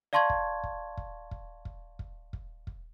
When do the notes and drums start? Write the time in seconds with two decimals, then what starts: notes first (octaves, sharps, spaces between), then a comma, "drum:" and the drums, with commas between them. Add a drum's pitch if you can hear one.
0.13 D5 F5 A5 C6 C#6 G#6
0.30 drum: kick
0.64 drum: kick
0.97 drum: kick
1.31 drum: kick
1.65 drum: kick
1.99 drum: kick
2.33 drum: kick
2.67 drum: kick